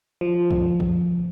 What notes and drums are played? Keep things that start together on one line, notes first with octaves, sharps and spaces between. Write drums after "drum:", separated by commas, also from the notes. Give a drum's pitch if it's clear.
F3
drum: kick
drum: kick